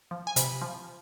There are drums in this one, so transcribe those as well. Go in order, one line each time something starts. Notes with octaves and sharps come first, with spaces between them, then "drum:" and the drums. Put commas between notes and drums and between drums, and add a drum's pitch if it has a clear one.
F3
G#5
C3 B5, drum: hi-hat
F3